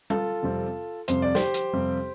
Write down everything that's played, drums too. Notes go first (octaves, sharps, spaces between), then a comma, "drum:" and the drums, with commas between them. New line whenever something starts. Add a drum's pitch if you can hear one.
F4 A4, drum: tom G3
F2 C3 G3 C4
F2 C3 G3 C4 C5, drum: hi-hat
D5
G4 C5, drum: snare
drum: hi-hat
F2 C3 G3 C4